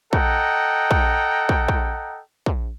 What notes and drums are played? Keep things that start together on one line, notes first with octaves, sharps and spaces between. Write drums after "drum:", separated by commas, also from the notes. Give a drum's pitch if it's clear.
A4 D#5 F#5 G5 A#5, drum: kick
drum: kick
drum: kick
drum: kick
drum: kick